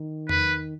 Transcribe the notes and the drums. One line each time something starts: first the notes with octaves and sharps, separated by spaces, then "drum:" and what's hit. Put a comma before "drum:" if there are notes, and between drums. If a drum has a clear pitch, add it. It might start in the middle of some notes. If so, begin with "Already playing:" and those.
Already playing: D#3
B4, drum: tom E2